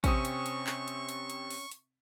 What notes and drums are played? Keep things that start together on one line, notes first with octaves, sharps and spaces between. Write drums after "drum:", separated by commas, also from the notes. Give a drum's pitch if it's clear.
C3 C4 C#4 C#6 D#6, drum: kick A1, hi-hat
drum: hi-hat
drum: hi-hat
drum: clap
drum: hi-hat
drum: hi-hat
drum: hi-hat
drum: open hi-hat
drum: hi-hat